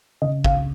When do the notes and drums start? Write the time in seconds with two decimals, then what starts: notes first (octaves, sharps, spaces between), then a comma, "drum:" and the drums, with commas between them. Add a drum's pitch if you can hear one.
0.21 C#3 D#5
0.44 F5, drum: kick G#1